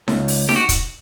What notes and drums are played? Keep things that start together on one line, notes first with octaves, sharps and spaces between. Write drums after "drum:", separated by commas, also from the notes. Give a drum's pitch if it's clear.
C#2, drum: snare D#4
drum: open hi-hat
G4, drum: snare D#4
F#4
drum: kick, hi-hat